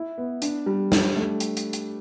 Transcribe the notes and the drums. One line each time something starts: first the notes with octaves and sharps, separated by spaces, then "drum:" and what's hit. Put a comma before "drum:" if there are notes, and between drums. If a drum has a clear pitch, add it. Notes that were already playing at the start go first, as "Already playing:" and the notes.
Already playing: E4
B3
D4, drum: hi-hat
G3
D4, drum: snare
A3
drum: hi-hat
drum: hi-hat
drum: hi-hat